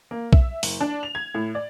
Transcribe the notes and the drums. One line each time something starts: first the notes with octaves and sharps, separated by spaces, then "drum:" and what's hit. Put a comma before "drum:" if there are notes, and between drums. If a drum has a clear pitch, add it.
A#3
E5, drum: kick B1
F#1, drum: open hi-hat
D4
F7
G#6
A2
D5